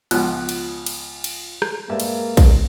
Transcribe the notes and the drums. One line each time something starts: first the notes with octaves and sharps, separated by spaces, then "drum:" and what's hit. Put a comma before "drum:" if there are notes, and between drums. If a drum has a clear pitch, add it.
C#2 B2 F3 F4 G#5 F#6, drum: cymbal
drum: cymbal
drum: cymbal
drum: cymbal
drum: rim click
G2 G#3 A#3 B4 E5
drum: cymbal
drum: kick, cymbal